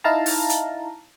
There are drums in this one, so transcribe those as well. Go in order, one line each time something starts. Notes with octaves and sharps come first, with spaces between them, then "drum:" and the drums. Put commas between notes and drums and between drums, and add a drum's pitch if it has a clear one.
D#4 E4 F5 A5 A#5
drum: open hi-hat
drum: hi-hat